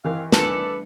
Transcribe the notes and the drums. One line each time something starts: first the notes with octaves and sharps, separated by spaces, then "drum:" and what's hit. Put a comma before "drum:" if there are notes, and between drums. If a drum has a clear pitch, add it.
D#3 E3 C4 D#4 G4 F5
G3 A3 D4 A4 B4 D5, drum: snare